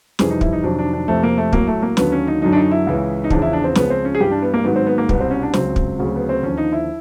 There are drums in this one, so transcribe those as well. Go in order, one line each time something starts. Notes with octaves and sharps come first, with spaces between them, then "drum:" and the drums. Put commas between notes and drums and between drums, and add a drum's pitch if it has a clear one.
F2 C3 E3 G3 G#4, drum: snare
D#4
E4, drum: kick
D#4
F2 C3 D#3 F#3 D4
D4
D4
F2 C3 F3 A3
A#3
A3
A2 F#3 A#3, drum: kick
A3
A#3
D#2 D3 F#3 B3, drum: snare
C#4
D#4
F#2 D3 F#3 D#4
D4
D#4
E4
C#2 C#3 E3
D#4
E2 C#3 F3 D4, drum: kick
E4
D4
C4
C#2 C#3 F3 B3, drum: snare
C4
C#4
G#4
G2 E3 G3 G4
D4
B3
A#3
G#2 D#3 F#3 B3
C4
B3
A#3
C2 B2 G3 B3, drum: kick
C4
C#4
D4
C#2 C#3 F#3 C4, drum: snare
drum: kick
D2 C#3 F#3
B3
C4
D#2 D3 F3 C#4
D#4
E4